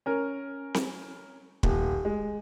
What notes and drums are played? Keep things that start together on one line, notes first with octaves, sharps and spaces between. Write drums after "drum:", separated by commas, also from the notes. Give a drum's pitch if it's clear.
C#4 A#4
drum: snare C4
D#1, drum: kick
G#3